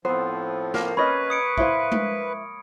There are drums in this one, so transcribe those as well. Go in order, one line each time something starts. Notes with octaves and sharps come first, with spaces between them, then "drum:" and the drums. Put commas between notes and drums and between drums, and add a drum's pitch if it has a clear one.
A2 F3 B3 C4 C5
A#3 A#4, drum: snare
C#4 B4 C#5 D#5 B5
D#6 C#7 D7
E4 C5 F5, drum: kick
drum: tom G#3